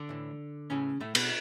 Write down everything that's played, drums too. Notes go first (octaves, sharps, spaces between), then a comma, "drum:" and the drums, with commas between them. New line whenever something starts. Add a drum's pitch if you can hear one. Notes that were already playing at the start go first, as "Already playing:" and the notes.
Already playing: D3 D4
A2 E3
A2 C#3 E3 C#4
A2 A3
B2 B3, drum: cymbal